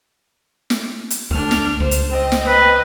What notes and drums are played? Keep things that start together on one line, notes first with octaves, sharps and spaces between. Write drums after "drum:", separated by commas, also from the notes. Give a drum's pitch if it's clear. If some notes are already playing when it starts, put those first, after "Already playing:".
drum: snare
drum: hi-hat
D2 A3 D4 F6
drum: snare
C#2 C5
drum: hi-hat
C4 D#5
drum: snare
B4